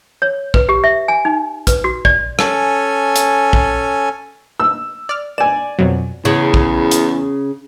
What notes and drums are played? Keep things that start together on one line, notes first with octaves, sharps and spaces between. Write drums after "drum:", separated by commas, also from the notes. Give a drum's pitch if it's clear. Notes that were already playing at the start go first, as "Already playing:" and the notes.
C#5
B4, drum: kick A#1
G4
E5
G#5
D#4
B4, drum: kick A#1, hi-hat
F#4
D5, drum: kick A#1
C#4 A4 G#5, drum: rim click
drum: hi-hat
drum: kick A#1
E6
D5 F6
D5 G#5 E7
F2 B2 F#3
E2 C#3
drum: kick A#1
drum: hi-hat